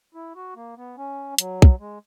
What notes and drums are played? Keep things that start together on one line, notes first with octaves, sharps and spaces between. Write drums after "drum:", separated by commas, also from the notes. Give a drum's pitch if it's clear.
E4
F#4
A#3
B3
C#4
F#3, drum: hi-hat
drum: kick
G#3